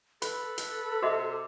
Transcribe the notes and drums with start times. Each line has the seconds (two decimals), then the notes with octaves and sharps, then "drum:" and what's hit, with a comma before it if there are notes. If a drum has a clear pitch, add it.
0.22 A4 B4 B5, drum: hi-hat
0.58 drum: hi-hat
1.02 C3 F#4 D#5 E5